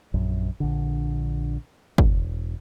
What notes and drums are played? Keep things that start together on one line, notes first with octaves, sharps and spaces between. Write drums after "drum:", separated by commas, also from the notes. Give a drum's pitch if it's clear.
A#1 F#2
A#1 D3
E1, drum: kick